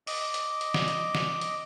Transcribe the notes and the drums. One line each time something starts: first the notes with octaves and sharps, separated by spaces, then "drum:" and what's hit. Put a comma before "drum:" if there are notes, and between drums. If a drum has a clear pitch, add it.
D#5 D6, drum: open hi-hat
drum: hi-hat
drum: hi-hat
drum: snare
drum: hi-hat
drum: snare
drum: hi-hat